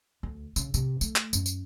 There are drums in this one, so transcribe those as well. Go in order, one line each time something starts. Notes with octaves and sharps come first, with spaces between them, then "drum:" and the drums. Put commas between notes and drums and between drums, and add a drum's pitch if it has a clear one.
D2
C#3, drum: tambourine
C3, drum: tambourine
A3, drum: tambourine
drum: clap
F#2, drum: tambourine
drum: tambourine